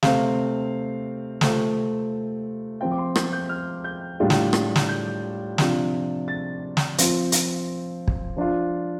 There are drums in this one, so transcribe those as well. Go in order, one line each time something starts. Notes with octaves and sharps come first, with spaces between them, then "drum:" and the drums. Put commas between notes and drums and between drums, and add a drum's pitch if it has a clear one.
C3 A3 C4 F5, drum: snare
C3 A3 C4 F4 F5, drum: snare
F3 C4 F4 G5
D6
C6
G6, drum: rim click
G6
F6
G6
A2 G3 D4 F4
drum: snare
drum: rim click
drum: snare
G6
C3 F3 D4 F4, drum: snare
A6
drum: snare
F3 C4 F4, drum: hi-hat
drum: hi-hat
drum: kick
F3 D4 F4